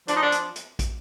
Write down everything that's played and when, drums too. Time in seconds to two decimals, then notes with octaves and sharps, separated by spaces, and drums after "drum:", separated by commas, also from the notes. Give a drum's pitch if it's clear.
0.08 F3 D4, drum: hi-hat
0.16 D#4
0.22 D4
0.32 drum: hi-hat
0.56 drum: hi-hat
0.79 drum: kick, hi-hat